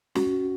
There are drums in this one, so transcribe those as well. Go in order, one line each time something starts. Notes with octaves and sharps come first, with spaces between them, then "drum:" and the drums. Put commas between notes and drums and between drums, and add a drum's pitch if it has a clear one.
C#4 F#4, drum: snare